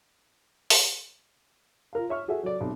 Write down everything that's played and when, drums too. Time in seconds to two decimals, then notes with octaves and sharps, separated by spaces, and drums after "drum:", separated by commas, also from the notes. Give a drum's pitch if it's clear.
0.70 drum: open hi-hat
1.93 F4 A#4 F5
2.09 C#5 E5 C#6 F6
2.28 F#4 G#4 A4 E5
2.43 F#3 A4 D5
2.61 B1 C3